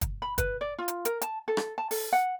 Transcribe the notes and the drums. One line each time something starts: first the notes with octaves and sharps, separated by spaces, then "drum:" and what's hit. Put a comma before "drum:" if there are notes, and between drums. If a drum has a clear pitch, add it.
drum: kick, hi-hat
B5
B4, drum: kick, hi-hat
D5
F4
drum: hi-hat
A#4, drum: hi-hat
A5, drum: hi-hat
A4
drum: rim click
A5
A4, drum: open hi-hat
F#5